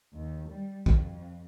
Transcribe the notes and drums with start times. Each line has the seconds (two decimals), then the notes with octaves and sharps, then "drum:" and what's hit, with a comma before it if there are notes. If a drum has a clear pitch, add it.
0.15 D#2
0.48 G3
0.86 F2, drum: kick